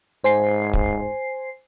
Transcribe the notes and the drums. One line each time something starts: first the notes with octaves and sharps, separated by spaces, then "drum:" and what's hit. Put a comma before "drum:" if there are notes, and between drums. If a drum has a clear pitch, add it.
G#2 C5 G#5 C7
drum: kick